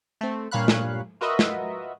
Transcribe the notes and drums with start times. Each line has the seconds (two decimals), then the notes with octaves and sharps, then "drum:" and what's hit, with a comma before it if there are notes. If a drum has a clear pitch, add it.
0.21 A3 C4
0.51 G2 A#2 C#5 F5 B5 F#6
0.68 drum: snare
1.21 F4 F#4 A#4 B4 D#5 E5
1.39 drum: snare